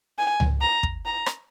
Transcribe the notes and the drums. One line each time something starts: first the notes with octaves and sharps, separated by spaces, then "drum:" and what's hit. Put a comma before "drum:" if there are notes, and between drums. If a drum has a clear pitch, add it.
G#5
drum: tom C#2
A#5
drum: kick
A#5
drum: rim click